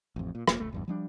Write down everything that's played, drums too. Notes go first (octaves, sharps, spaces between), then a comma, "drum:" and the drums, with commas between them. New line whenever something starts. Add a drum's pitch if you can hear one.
A1 F2
A#2
E1 A#3, drum: rim click
D#1 C#2 A3
G#1 E2 G2
F3 G3 D4